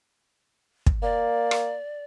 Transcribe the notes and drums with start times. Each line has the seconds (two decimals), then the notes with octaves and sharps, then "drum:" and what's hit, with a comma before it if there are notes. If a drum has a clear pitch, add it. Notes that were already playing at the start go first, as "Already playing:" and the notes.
0.86 drum: kick
1.03 A#3 D5
1.51 drum: rim click